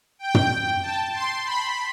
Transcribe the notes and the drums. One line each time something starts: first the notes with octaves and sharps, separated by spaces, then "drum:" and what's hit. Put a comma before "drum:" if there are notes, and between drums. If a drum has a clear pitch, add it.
G5
drum: tom
A5
C6
B5